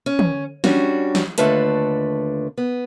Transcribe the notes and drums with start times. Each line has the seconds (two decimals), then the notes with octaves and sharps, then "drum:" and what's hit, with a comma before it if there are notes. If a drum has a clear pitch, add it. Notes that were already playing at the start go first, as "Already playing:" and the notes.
0.06 C#4
0.19 drum: tom
0.64 G3 C#4 D4 F#4, drum: snare
1.15 drum: snare
1.38 D#2 D3 A3 F4 B4 A5, drum: hi-hat
2.58 B3